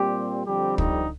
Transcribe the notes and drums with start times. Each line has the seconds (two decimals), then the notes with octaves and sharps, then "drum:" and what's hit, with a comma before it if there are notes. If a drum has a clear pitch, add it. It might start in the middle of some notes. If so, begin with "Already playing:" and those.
Already playing: A#2 G3 C4 G4
0.46 F2 D3 G3 C4 G4
0.78 D#4, drum: kick